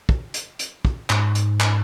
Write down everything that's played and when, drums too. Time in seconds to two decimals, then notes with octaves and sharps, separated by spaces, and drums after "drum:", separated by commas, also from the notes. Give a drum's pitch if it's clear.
0.09 drum: kick
0.34 drum: hi-hat
0.59 drum: hi-hat
0.85 drum: kick
1.10 G#2, drum: clap
1.35 drum: hi-hat
1.60 drum: clap